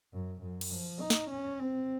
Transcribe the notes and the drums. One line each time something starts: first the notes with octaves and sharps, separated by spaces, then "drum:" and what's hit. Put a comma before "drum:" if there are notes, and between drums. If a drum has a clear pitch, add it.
F#2
F#2
drum: cymbal
F3
D#4
drum: snare
C#4
C4